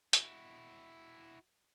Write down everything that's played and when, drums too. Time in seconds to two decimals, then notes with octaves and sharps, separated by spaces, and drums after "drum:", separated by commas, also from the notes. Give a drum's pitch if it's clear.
0.13 E4 F#4, drum: hi-hat